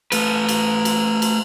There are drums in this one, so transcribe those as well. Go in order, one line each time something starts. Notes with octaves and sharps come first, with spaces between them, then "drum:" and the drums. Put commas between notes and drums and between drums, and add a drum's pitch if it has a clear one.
A3 B4, drum: cymbal
drum: cymbal
drum: cymbal
drum: cymbal